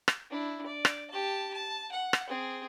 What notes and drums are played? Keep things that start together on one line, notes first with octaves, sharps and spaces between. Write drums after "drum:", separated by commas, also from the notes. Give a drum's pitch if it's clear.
drum: rim click
D4 E4
D5
drum: rim click
G4 A5
A5
F#5
drum: rim click
C4 G#4